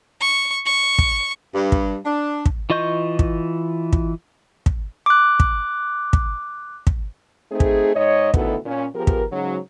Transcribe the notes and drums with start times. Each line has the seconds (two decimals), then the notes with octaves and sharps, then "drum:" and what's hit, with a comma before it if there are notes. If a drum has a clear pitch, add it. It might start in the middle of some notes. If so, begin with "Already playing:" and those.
0.21 C#6
0.66 C#6
0.99 drum: kick
1.55 G2
1.72 drum: kick
2.05 D4
2.46 drum: kick
2.70 E3 F4 D#5 C#6 G6
3.19 drum: kick
3.93 drum: kick
4.66 drum: kick
5.06 D6 F#6
5.40 drum: kick
6.13 drum: kick
6.87 drum: kick
7.51 A3 C4 D#4 G#4
7.60 drum: kick
7.94 G#2 C#5 D#5
8.34 D2 B2 D#3 B3 E4 A4, drum: kick
8.65 A#2 C#4
8.94 F3 B3 G4 G#4 A#4
9.07 drum: kick
9.30 G#2 C#3 F#3